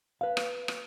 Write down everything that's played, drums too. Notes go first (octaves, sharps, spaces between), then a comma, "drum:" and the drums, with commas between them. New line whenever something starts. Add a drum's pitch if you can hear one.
B4 F5
drum: rim click
drum: rim click